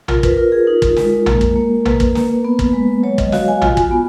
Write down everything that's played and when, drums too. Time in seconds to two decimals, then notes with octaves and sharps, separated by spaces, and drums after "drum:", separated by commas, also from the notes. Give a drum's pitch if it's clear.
0.08 F4 A#4, drum: tom
0.23 B4, drum: kick
0.37 F4 A#4
0.52 G#4
0.67 D#4 A#4
0.82 drum: kick
0.96 G#3, drum: snare
1.26 A#3, drum: tom
1.41 drum: kick
1.56 A#3
1.85 A#3 B4, drum: tom
2.00 drum: kick
2.15 A#3, drum: snare
2.45 B3
2.59 drum: kick
2.73 G#3
3.03 F#3 C#5
3.18 D#5, drum: kick
3.32 F#4 F5, drum: snare
3.48 G#5
3.62 F4 G#5, drum: tom
3.77 drum: kick
3.91 B3